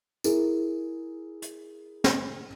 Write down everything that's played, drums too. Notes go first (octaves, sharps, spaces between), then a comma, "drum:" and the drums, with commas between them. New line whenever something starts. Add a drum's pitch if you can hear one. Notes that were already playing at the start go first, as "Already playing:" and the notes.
E4 G#4 A#4, drum: tambourine
drum: hi-hat
drum: snare